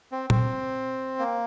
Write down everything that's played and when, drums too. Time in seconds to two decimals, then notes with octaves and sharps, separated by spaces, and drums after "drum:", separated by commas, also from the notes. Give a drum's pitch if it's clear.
0.12 C4
0.30 C4, drum: tom A#2
1.19 A#3